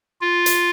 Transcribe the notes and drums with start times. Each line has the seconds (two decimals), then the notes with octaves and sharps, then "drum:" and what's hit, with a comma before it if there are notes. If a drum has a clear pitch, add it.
0.21 F4
0.46 drum: hi-hat